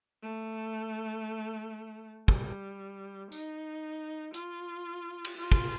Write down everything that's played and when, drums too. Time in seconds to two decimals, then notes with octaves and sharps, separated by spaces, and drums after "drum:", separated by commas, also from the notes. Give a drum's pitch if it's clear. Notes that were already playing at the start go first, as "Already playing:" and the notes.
0.22 A3
2.28 G3, drum: kick
3.32 D#4, drum: tambourine
4.34 F4, drum: hi-hat
5.25 drum: cymbal
5.37 F4
5.52 drum: kick